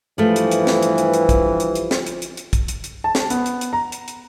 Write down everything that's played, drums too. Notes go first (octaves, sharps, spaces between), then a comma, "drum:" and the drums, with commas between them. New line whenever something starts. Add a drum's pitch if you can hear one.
G2 E3 F3 A3
drum: hi-hat
drum: hi-hat
drum: snare
drum: hi-hat
drum: hi-hat
drum: hi-hat
drum: kick, hi-hat
drum: hi-hat
drum: hi-hat
drum: snare
drum: hi-hat
drum: hi-hat
drum: hi-hat
drum: kick, hi-hat
drum: hi-hat
drum: hi-hat
A5
drum: snare
B3, drum: hi-hat
drum: hi-hat
drum: hi-hat
A#5
drum: hi-hat
drum: hi-hat